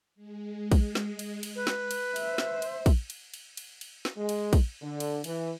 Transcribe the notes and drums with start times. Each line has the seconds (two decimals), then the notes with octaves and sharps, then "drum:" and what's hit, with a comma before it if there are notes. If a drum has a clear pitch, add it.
0.15 G#3
0.72 drum: kick, cymbal
0.95 drum: snare
1.19 drum: cymbal
1.43 drum: cymbal
1.55 B4
1.67 drum: snare
1.91 drum: cymbal
2.16 C5 E5, drum: cymbal
2.38 drum: snare
2.62 drum: cymbal
2.86 drum: kick, cymbal
3.10 drum: cymbal
3.34 drum: cymbal
3.57 drum: cymbal
3.81 drum: cymbal
4.05 drum: snare
4.17 G#3
4.29 drum: cymbal
4.53 drum: kick, cymbal
4.81 D3
5.00 drum: cymbal
5.24 E3, drum: cymbal